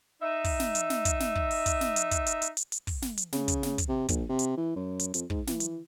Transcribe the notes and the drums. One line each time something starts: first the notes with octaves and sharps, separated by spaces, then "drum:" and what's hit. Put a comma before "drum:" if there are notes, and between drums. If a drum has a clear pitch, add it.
D#4 E5
drum: kick, open hi-hat
drum: snare
drum: hi-hat
drum: snare
drum: kick, hi-hat
drum: snare
drum: kick
drum: open hi-hat
drum: kick, hi-hat
drum: snare
drum: hi-hat
drum: kick, hi-hat
drum: hi-hat
drum: hi-hat
drum: hi-hat
drum: hi-hat
drum: kick, open hi-hat
drum: snare
drum: hi-hat
C#3, drum: snare
drum: kick, hi-hat
drum: snare
drum: kick, hi-hat
C3
A#1, drum: kick, hi-hat
C3
drum: hi-hat
E3
F#2
drum: hi-hat
F2, drum: hi-hat
G#2, drum: kick
E3, drum: snare
drum: hi-hat